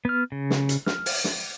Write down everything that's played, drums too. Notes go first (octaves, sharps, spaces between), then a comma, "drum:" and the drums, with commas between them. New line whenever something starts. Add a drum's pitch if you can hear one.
B3 F6
C#3
drum: snare
drum: hi-hat
F6, drum: snare
drum: open hi-hat
drum: snare